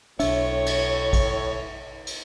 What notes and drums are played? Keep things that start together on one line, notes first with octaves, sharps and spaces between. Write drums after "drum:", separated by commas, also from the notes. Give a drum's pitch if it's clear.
B1 A2 D4 C#5 E5, drum: cymbal
drum: cymbal
drum: kick A1, cymbal
drum: cymbal